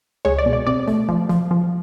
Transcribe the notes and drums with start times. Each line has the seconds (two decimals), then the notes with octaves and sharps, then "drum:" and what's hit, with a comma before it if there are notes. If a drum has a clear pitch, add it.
0.25 G#3 C#5, drum: tom C#2
0.38 D5
0.46 B2
0.53 D5
0.67 C3 D5, drum: kick
0.87 A3, drum: snare
1.08 F3, drum: kick
1.29 F3, drum: snare
1.51 F3